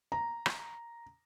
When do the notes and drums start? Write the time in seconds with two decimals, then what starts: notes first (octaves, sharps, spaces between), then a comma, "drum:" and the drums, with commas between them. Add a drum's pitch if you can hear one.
0.12 A#5
0.46 drum: rim click